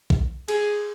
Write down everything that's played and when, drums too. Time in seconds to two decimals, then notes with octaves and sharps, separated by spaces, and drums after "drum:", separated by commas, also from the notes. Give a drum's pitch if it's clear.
0.10 drum: kick A#1
0.48 G#4, drum: cymbal